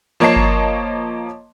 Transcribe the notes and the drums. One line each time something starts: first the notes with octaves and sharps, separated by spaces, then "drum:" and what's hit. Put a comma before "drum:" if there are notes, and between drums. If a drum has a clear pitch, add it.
F3 A#3 C#5 D#5 A5 C7
drum: kick G1